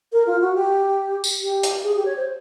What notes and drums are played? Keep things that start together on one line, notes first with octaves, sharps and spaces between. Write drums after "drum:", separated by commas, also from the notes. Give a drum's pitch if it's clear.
A#4
F4
F#4
G4
drum: tambourine
G4
drum: hi-hat
G#4
G4
C#5
C5